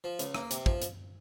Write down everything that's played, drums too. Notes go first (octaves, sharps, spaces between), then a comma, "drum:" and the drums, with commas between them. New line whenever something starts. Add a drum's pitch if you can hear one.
F3
C#2, drum: hi-hat
A#3, drum: rim click
C3, drum: hi-hat
F3, drum: kick
drum: hi-hat